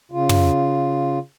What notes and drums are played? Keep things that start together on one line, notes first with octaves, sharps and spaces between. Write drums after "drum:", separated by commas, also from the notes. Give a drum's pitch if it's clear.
C#3 F4
drum: tom